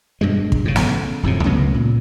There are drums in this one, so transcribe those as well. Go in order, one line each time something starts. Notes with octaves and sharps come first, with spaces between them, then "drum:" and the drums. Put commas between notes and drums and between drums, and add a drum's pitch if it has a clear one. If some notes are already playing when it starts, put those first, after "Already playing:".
G2 B2 G#3
drum: kick
A2 C#3
drum: snare
D1 F2 A2 C3
C#2 C#3 F#3 B3
A#2